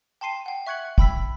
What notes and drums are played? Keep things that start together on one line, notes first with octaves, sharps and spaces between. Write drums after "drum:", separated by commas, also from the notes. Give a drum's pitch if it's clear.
G5 A5 C6 C7 D#7
F#5 G5
E5 C#6 F#6 G#6 C#7 F#7
G5 B5 E6 B6, drum: kick